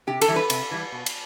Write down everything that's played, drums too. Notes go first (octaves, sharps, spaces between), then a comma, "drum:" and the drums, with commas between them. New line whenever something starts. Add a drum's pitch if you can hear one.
C3 G4
A4, drum: cymbal
E3 G3
B4
C3, drum: cymbal
E3 G3
B2
drum: cymbal